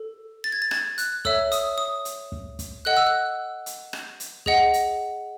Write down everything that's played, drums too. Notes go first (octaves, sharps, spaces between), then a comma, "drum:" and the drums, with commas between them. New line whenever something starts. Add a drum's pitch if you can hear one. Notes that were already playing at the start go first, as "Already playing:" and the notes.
Already playing: A4
A6
G#6
A6
G#6, drum: rim click
F#6, drum: hi-hat
A4 C#5 E5 E6, drum: kick
D#6, drum: hi-hat
D#6
drum: hi-hat
drum: kick
drum: kick, hi-hat
A4 D#5 F#5 F#6
E6
F#6
drum: hi-hat
drum: rim click
drum: hi-hat
G#4 D#5 F#5, drum: kick
drum: hi-hat